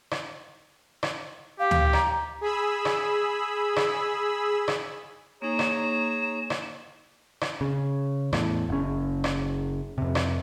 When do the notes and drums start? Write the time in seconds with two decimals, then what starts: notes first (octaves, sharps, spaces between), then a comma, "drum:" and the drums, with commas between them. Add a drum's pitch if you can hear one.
0.11 drum: rim click
1.03 drum: rim click
1.60 G4 F5
1.71 drum: tom D2
1.93 A#5, drum: rim click
2.41 G#4 B5 E6
2.85 drum: rim click
3.76 drum: rim click
4.68 drum: rim click
5.42 A#3 D#4 G#4 C#5 A#5 E7
5.59 drum: rim click
6.50 drum: rim click
7.41 drum: rim click
7.61 C#3
8.33 E2 A2, drum: rim click
8.69 F#1 C#4
9.24 drum: rim click
9.98 F2 C3
10.15 drum: rim click